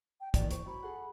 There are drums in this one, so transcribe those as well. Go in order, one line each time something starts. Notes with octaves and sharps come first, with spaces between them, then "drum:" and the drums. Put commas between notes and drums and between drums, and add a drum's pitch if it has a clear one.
G5
A#2 D#3 E3 D5, drum: kick, hi-hat
C5 C#6, drum: hi-hat
F#2 B5 C#6
G#4 A4 F#5